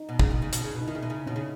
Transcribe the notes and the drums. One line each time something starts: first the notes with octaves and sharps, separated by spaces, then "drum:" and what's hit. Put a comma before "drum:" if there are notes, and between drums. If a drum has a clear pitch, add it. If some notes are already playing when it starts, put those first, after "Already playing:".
Already playing: D#4
B2
C#3, drum: kick
B2
C#3
B2, drum: hi-hat
C#3
B2
D#4
D#3 E4
C#3
B2
C#3
B2 C#4
C#3 D#4